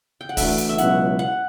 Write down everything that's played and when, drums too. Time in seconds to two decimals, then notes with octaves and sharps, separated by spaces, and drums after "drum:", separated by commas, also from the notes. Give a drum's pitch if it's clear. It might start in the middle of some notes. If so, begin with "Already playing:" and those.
0.21 G5
0.29 F#5
0.37 E3 A3 D4 F#4 A4 E5, drum: kick, open hi-hat
0.58 drum: hi-hat
0.69 E5
0.78 C#2 B2 F#3 C#4 E4 F#5, drum: hi-hat
1.19 F#5